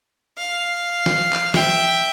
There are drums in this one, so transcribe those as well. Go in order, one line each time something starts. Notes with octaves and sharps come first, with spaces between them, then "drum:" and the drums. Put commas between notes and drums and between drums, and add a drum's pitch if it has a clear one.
F5
drum: snare
drum: clap
E5 G5, drum: snare